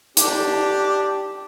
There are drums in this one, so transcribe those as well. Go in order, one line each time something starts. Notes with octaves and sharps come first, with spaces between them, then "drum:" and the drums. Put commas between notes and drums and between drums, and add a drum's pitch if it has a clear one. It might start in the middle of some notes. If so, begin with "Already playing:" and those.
D4 G4, drum: hi-hat